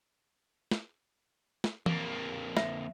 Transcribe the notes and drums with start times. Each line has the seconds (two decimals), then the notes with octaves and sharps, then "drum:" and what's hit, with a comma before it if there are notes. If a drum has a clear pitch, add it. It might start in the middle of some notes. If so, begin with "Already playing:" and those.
0.71 drum: snare
1.64 drum: snare
1.86 F2 A#3, drum: tom E3
2.57 E5, drum: snare